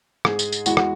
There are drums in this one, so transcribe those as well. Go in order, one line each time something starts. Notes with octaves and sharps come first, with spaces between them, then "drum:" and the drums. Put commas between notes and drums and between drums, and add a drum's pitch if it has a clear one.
G#2 G#3 G#4, drum: rim click
drum: tambourine
drum: tambourine
E2 E3 G#3 F#4, drum: tambourine
F#4, drum: rim click